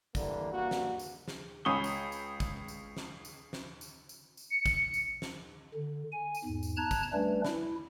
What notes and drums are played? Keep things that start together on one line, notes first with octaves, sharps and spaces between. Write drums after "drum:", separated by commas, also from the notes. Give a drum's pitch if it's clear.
D3 E3 G3 A#3, drum: kick, tambourine
G2 A#3 F#4
drum: snare
drum: tambourine
drum: snare
C#2 C#4 B5 C#6 D#6 G7
drum: tambourine
drum: tambourine
drum: kick, tambourine
drum: tambourine
drum: snare
drum: tambourine
drum: snare
drum: tambourine
drum: tambourine
drum: tambourine
C#7
drum: kick, tambourine
drum: tambourine
drum: snare
D3
G#5
drum: tambourine
E2 G#2
drum: tambourine
A5 A#5 F#6 G#6
drum: kick, tambourine
G3 A3 C#4 D4 B4
E4, drum: snare